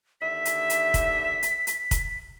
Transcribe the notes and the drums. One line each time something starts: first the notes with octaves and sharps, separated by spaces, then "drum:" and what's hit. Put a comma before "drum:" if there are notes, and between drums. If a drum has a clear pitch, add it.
D#2 D3 E5 B6
drum: hi-hat
drum: hi-hat
drum: kick, hi-hat
drum: hi-hat
drum: hi-hat
drum: kick, hi-hat